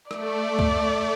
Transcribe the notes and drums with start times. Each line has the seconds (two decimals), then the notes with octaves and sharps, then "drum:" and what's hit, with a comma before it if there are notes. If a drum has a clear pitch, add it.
0.11 A3 D5, drum: rim click
0.59 drum: kick C#2